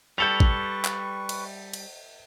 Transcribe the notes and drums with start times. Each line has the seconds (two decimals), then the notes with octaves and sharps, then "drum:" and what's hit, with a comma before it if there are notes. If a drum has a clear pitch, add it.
0.18 G3 A4 B4 C#6 G6 C#7 F7
0.40 drum: kick
0.85 drum: clap
1.29 drum: cymbal
1.74 drum: cymbal